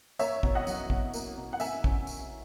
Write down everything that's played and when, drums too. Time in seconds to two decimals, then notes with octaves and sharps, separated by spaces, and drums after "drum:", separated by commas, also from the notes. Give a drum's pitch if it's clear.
0.19 A#3 C#5 E5, drum: tambourine
0.43 B2, drum: kick
0.55 D#5 F#5
0.67 F#3, drum: tambourine
0.90 B2, drum: kick
1.13 A#3, drum: tambourine
1.37 B2
1.53 F#5
1.60 A#3 E5 G#5, drum: tambourine
1.84 C#4, drum: kick
2.07 drum: tambourine